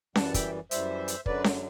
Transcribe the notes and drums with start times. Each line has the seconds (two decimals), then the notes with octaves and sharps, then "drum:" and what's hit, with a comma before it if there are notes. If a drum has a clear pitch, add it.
0.15 F#2 E3 G3 F#5 A5, drum: snare C#4
0.34 E5 G5, drum: kick, hi-hat
0.71 F#2 E3 G3 C5 E5, drum: hi-hat
1.08 drum: hi-hat
1.26 F#2 D3 F#3 B4 D5, drum: kick
1.44 drum: snare C#4